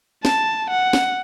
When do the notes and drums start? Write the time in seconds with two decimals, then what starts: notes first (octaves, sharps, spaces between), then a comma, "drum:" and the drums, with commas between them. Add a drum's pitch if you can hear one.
0.25 A5, drum: snare
0.71 F#5
0.93 drum: snare